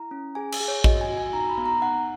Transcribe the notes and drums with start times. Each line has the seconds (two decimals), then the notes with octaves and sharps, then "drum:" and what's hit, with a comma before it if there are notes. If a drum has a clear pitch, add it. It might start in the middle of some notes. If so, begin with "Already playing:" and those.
Already playing: E4 A#5
0.11 C#4
0.35 G#4 G#5
0.52 G#5, drum: cymbal
0.60 G#4
0.68 C#5
0.84 F#4 D#5, drum: kick A1
1.01 G#5
1.09 F#4
1.17 G#5
1.33 D#4 A#5
1.49 B5
1.57 B3
1.66 A#5
1.82 D#4 F#5